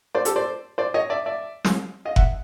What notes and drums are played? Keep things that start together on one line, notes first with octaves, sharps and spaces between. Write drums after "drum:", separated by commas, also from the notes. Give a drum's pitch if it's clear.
C5 D5
G4 A4, drum: hi-hat
C5 D5
C5 D5
C#5 D#5
D5 E5
D5 E5
drum: snare
D#5 F5
E5 F#5, drum: kick F#1